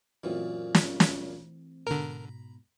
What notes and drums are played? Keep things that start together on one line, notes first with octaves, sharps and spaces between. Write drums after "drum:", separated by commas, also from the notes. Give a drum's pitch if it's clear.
F#2 A#2 E3 A3 C4
drum: snare
drum: snare
G#2 B2 D3 A#4 A#5 B5